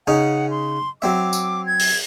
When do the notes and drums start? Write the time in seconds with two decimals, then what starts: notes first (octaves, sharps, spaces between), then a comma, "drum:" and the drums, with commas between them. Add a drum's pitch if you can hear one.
0.07 C#3 C#4 D#4 F#5
0.50 C6
1.02 F#3 C4 E5 D6
1.33 drum: tambourine
1.66 G#6
1.79 drum: open hi-hat